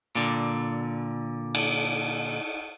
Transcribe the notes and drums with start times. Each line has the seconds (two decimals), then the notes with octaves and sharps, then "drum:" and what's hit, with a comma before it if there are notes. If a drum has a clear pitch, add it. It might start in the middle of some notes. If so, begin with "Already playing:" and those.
0.15 A#2 D3
1.55 drum: cymbal